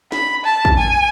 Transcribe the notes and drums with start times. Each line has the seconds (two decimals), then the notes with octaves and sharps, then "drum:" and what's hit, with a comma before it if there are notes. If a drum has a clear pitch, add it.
0.12 B5, drum: snare
0.45 A5
0.65 drum: kick
0.78 G#5